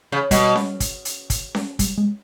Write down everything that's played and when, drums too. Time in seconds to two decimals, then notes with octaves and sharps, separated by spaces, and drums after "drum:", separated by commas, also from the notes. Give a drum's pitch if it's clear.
0.12 C#3
0.31 B2 G3, drum: kick, hi-hat
0.56 drum: snare C#4
0.80 drum: kick, hi-hat
1.05 drum: hi-hat
1.30 drum: kick, hi-hat
1.55 drum: snare C#4
1.79 G3, drum: kick, hi-hat
1.98 G#3